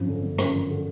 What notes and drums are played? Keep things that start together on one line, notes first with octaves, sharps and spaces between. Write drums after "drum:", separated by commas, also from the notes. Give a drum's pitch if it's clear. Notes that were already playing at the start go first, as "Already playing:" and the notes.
Already playing: G#1 F#2 F3
D3
G1
F#2 A#4, drum: rim click
F3
D3